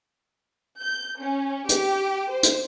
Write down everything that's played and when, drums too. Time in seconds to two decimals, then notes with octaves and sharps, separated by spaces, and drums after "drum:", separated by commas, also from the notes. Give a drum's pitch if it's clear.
0.80 G6
1.21 C#4
1.69 G4, drum: hi-hat
2.32 C5
2.43 drum: hi-hat